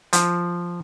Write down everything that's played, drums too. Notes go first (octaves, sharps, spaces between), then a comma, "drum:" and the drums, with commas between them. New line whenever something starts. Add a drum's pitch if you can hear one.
F3, drum: hi-hat